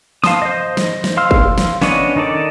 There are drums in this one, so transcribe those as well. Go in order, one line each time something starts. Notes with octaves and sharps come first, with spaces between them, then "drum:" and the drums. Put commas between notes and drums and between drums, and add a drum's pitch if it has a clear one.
F5 A5 C6 D#6, drum: snare
C5 D#5
drum: snare
drum: snare
F5 C6 E6 F6
drum: kick
drum: snare
B3 C#4 D4 C#5 D#5, drum: snare
D#3 D#4 A4 D5